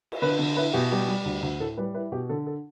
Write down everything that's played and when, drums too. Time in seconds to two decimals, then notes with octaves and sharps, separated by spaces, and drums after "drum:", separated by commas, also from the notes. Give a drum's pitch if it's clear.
0.12 drum: cymbal
0.22 D3 B4
0.39 D3
0.57 E4 B4
0.73 B2 G4
0.92 G3 G4
1.08 G3
1.25 D2
1.42 D2
1.60 A2 A4
1.77 G3 B4
1.94 E4 B4
2.12 B2 G4
2.29 D3 A4
2.47 A4